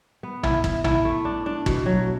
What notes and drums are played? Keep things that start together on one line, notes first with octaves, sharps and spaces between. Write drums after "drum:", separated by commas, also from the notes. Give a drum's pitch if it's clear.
B3
E4, drum: tom
E4, drum: kick
E4, drum: tom
A3
D4
D4
B2, drum: kick
F#3